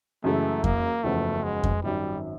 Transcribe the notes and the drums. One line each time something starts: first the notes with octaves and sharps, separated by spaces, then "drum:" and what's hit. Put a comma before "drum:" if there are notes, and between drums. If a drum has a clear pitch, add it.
F#2 C#3 E3 G#3 A3
A#3, drum: kick F2
F#1 E2 C#3 F3 A3
G#3
drum: kick F2
G#1 F#2 D#3 G3